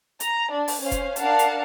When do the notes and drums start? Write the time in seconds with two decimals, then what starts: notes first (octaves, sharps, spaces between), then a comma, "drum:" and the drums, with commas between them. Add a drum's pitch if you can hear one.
0.20 A#5, drum: hi-hat
0.52 D4
0.68 drum: open hi-hat
0.82 C#4 C5 F5
0.91 drum: kick F1, hi-hat
1.16 D4 A#4 F5 F#5 A5, drum: hi-hat
1.39 drum: hi-hat